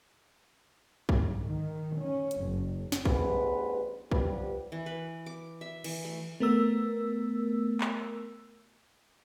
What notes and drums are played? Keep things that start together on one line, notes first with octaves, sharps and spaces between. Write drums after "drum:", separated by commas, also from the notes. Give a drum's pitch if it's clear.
G#2, drum: kick B1
D#3
C#4
drum: hi-hat
F#1
drum: snare
A1 G2 B3 G#4 B4 C5, drum: kick B1
F3 G3 B3 G4 B4, drum: kick B1
E3
B4
D6
E5
E3, drum: cymbal
A3
A3 B3 A#4 E6
drum: clap